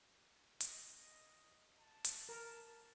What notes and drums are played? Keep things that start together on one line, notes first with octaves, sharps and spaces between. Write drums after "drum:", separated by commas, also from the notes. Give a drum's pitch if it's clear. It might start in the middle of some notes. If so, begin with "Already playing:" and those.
D#5, drum: hi-hat
A5
drum: hi-hat
A#4